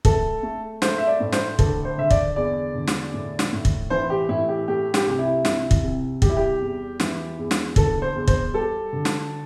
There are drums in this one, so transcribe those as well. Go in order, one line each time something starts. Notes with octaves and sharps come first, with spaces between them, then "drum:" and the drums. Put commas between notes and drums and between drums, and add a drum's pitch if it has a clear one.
A3 A4, drum: kick
A3
A3 C5, drum: snare
E5
D5
A2
C5, drum: snare
D3 A4, drum: kick
C5
D3 E5
D5, drum: kick
E2 D5
D3
drum: snare
A2
drum: snare
A2
drum: kick
E3 C5
G4
A2 E4
G4
A3 G4
G4, drum: snare
C2 G4
E4
C2, drum: snare
drum: kick
C2
G3 G4, drum: kick
E4
G4
E2
E3, drum: snare
E2
drum: snare
D3 A4, drum: kick
C5
E2
C5, drum: kick
G3 A4
D3
drum: snare